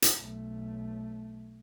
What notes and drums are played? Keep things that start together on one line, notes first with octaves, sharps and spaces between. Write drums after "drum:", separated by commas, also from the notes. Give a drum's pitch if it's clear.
drum: hi-hat
B1 A3